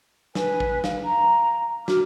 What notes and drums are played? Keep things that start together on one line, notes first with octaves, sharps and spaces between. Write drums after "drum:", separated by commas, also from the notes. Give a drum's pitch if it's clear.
B4 G#5, drum: snare
drum: kick
F5, drum: snare
A#5
F#4 D6 F6, drum: snare